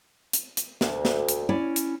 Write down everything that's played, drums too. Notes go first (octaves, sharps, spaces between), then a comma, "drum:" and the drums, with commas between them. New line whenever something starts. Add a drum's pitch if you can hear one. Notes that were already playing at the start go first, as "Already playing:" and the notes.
drum: hi-hat
drum: hi-hat
D2, drum: snare
drum: snare
drum: hi-hat
C#4 E4 D5
drum: hi-hat